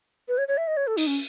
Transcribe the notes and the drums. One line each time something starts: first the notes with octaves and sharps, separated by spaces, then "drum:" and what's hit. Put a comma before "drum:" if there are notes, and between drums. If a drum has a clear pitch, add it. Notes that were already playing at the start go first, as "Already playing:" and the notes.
B4
C#5
C#5
E5
D#5
C#5
A4
D#4, drum: open hi-hat
C#4